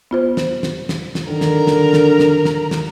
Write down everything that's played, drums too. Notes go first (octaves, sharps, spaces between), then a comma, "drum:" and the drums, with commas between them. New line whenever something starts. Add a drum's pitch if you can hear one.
B3 F4 C5
drum: snare
drum: snare
drum: snare
drum: snare
D3 D#3 A#4 A#5
drum: snare
drum: snare
drum: snare
drum: snare
drum: snare
drum: snare